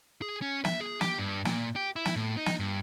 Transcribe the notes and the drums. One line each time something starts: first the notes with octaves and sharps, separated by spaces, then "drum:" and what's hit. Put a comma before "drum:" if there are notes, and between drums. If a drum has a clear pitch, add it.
G#4
C#4
E5, drum: snare
G#4
G4, drum: snare
G2
A#2, drum: snare
G4
E4
drum: snare
A2
D#4
drum: snare
G2